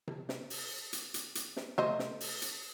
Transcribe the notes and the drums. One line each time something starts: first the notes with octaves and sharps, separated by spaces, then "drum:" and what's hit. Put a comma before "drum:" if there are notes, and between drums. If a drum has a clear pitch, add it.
drum: tom C3
drum: snare
drum: open hi-hat
drum: hi-hat
drum: hi-hat
drum: hi-hat
drum: snare
A3 C5 D#5, drum: tom C3
drum: snare
drum: open hi-hat
drum: hi-hat